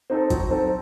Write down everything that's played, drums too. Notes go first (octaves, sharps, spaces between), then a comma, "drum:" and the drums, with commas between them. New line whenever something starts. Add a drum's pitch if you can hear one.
C4 D#4 A4
F#3, drum: kick, hi-hat
C4 D#4 A4